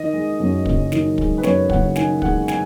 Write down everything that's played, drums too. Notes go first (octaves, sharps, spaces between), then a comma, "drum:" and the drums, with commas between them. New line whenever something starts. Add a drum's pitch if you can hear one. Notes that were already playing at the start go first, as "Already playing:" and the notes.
Already playing: D#3 D#5
G#3
F#2
F#1, drum: kick
D#3, drum: snare
G#3, drum: kick
B4
F#2 C#5, drum: snare
F#1 F#5, drum: kick
D#3 G#5, drum: snare
G#3 F#5, drum: kick
G#5, drum: snare